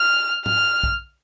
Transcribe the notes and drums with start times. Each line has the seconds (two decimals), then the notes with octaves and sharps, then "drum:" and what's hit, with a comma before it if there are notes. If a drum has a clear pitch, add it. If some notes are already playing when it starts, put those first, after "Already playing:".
Already playing: F6
0.46 F6, drum: tom
0.83 drum: kick